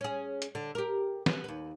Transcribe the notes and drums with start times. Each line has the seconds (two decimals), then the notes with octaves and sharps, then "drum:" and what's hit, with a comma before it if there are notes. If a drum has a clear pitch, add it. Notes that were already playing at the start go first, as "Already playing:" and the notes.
0.01 C#4 G#4
0.42 drum: hi-hat
0.55 D3
0.75 G4 A#4
1.26 B3, drum: snare
1.44 D#2 B4